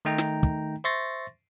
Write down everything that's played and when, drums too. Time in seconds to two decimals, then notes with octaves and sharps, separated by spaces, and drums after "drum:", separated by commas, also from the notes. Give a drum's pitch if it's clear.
0.05 D#3 A3 D#4 G5 A#5
0.18 drum: snare
0.43 drum: kick
0.84 C5 E5 C6 C#6 A6 A#6